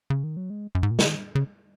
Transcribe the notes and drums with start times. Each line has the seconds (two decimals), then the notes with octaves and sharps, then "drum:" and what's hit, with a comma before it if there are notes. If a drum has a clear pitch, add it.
0.10 C#3
0.24 D#3
0.37 F#3
0.50 G#3
0.75 F#2
0.83 G#2
0.91 A#2
0.99 C#3, drum: snare
1.07 D#3
1.35 C#3